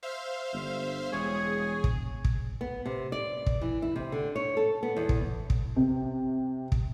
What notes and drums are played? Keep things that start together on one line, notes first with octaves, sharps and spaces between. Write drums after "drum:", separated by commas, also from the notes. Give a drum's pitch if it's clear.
C5 E5 F5
G1
E1 G#4 C#5
drum: kick
drum: kick
B3
C3
D5
drum: kick
E3
E4
C3
D3
C#5
A4
B3
E2
drum: kick
drum: kick
C3
drum: kick